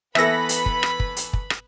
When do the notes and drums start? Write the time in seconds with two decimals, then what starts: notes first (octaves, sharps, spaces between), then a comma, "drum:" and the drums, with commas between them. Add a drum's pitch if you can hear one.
0.15 E3 B3 A4 B4 E5 B5 A#6, drum: rim click
0.49 drum: hi-hat
0.66 drum: kick
0.83 drum: rim click
1.00 drum: kick
1.17 drum: hi-hat
1.33 drum: kick
1.50 drum: rim click